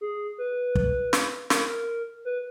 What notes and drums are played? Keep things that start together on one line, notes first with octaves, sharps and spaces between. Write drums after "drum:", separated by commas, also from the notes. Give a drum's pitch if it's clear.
G#4
B4
drum: kick
drum: snare
A#4, drum: snare
B4